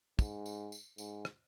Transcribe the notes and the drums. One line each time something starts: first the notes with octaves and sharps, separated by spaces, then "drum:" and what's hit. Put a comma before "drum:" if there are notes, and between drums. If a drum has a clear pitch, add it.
G#2, drum: kick, tambourine
drum: tambourine
drum: tambourine
G#2, drum: tambourine
drum: rim click